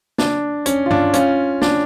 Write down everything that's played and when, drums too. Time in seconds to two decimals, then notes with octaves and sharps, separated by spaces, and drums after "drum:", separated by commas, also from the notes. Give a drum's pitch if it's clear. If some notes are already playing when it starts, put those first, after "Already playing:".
0.18 D4, drum: snare
0.66 C#4, drum: hi-hat
0.86 F4
0.91 D4, drum: tom G2
1.13 C#4 F4, drum: hi-hat
1.62 D4, drum: snare